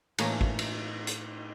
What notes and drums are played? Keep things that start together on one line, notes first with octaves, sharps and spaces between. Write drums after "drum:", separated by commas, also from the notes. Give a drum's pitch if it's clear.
A2 E3 A#3 G#5, drum: cymbal
drum: kick
drum: cymbal
drum: hi-hat